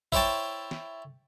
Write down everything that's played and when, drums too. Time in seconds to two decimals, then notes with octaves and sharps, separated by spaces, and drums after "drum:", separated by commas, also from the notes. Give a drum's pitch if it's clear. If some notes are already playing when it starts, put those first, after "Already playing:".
0.12 E4 C5 C#5 G5 A5, drum: kick
0.71 drum: snare